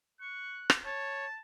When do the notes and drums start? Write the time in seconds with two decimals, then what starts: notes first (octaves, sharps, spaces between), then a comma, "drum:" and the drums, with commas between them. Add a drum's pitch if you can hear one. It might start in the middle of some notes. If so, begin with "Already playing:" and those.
0.21 C#6 F#6
0.70 drum: rim click
0.85 C#5 A5